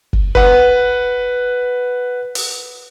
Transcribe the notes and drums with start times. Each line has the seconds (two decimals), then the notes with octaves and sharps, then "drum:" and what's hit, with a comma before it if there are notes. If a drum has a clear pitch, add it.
0.13 drum: kick
0.35 B4 F#5, drum: kick
2.35 drum: open hi-hat